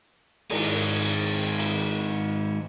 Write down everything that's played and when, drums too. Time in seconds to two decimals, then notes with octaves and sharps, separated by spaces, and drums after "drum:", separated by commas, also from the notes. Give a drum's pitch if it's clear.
0.50 D#3 G#3, drum: cymbal
1.59 drum: cymbal